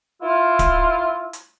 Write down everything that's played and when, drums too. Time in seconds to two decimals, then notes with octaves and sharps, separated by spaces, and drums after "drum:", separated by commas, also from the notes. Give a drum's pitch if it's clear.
0.22 E4 F4
0.59 drum: kick D1, hi-hat
1.33 drum: hi-hat